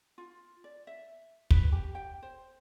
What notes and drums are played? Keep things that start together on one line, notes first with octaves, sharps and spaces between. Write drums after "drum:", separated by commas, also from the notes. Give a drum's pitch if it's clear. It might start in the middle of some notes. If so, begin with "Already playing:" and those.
F4
D5
E5
B4, drum: kick
G4
G5
C5